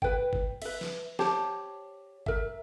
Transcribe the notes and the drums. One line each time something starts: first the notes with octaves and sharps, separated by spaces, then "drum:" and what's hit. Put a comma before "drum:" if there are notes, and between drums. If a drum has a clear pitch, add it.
B4 G5, drum: kick G1
drum: kick G1
B4 E5, drum: cymbal
drum: snare
G4 C5 C#5 A5, drum: snare
A#4 E5, drum: kick G1